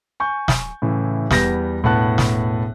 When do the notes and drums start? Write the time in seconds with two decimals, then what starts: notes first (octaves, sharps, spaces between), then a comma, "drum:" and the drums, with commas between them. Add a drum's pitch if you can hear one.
0.20 G#5 C#6 G6
0.48 drum: snare
0.82 A2 C#3 E3
1.31 E2 G3 B3 G6 A#6, drum: snare
1.83 E1 A2 B3 F#5 A5 F#6
2.18 drum: snare